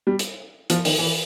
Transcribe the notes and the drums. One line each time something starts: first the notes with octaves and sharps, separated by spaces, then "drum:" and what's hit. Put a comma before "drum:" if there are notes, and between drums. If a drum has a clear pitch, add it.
G3
drum: hi-hat
F3, drum: hi-hat
D#3, drum: open hi-hat
E3